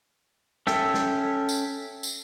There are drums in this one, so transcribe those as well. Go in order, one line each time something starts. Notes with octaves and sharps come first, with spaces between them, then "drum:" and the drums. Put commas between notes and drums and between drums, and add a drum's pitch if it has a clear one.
C#4 A4 E5 G5, drum: snare
drum: snare
drum: tambourine
drum: tambourine